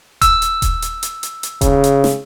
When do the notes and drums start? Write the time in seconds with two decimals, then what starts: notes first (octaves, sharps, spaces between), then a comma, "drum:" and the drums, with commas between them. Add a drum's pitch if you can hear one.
0.22 E6, drum: kick D#1, hi-hat
0.42 drum: hi-hat
0.62 drum: kick D#1, hi-hat
0.82 drum: hi-hat
1.03 drum: hi-hat
1.23 drum: hi-hat
1.43 drum: hi-hat
1.61 C#3, drum: kick D#1, hi-hat
1.84 drum: hi-hat
2.04 drum: snare